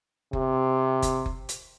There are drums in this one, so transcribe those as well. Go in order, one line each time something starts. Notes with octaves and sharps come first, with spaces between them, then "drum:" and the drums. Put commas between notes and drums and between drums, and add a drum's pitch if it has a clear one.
C3, drum: kick F#1
drum: kick F#1, hi-hat
drum: kick F#1
drum: hi-hat